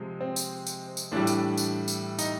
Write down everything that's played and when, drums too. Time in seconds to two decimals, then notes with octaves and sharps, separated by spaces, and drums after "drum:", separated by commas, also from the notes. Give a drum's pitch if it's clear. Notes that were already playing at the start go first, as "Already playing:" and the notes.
Already playing: C3 F3 G#3
0.21 C4
0.36 drum: tambourine
0.67 drum: tambourine
0.97 drum: tambourine
1.12 A2 E3 G3 D4
1.27 drum: tambourine
1.57 drum: tambourine
1.88 drum: tambourine
2.19 D#4, drum: tambourine